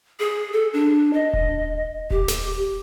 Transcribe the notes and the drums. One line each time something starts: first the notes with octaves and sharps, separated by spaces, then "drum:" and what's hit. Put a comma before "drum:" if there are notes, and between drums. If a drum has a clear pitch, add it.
G#4
A4
D4
D#5
drum: kick D#1
G4, drum: kick D#1
drum: snare